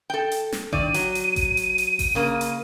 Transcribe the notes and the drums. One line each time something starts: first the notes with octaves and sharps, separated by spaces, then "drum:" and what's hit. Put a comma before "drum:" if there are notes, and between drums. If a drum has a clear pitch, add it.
A4 G5
drum: hi-hat
drum: snare
G2 D#3 D5 D#7, drum: kick A1
F#3, drum: hi-hat
drum: hi-hat
drum: kick A1, hi-hat
drum: hi-hat
drum: hi-hat
drum: kick A1, open hi-hat
C#3 A#3
drum: hi-hat